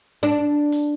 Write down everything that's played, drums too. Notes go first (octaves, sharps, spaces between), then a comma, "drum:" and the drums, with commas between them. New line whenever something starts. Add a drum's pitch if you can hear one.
D4
drum: open hi-hat